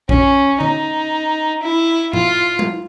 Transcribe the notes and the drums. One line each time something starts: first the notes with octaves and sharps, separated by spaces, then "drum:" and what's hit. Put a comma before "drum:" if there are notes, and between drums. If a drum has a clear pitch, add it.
C#4, drum: kick A#1
D#4, drum: tom D3
E4
F4, drum: tom G#2
drum: tom G3